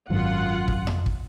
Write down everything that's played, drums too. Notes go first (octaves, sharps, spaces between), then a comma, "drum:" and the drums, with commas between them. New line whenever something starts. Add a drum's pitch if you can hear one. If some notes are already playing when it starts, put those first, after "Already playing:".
G#1 F#2 F4 F#5
drum: kick
drum: tom F2
drum: kick